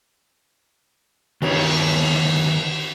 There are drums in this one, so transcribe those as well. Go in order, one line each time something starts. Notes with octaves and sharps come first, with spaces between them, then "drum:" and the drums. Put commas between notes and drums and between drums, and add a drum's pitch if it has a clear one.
D#3 E3 C#5, drum: cymbal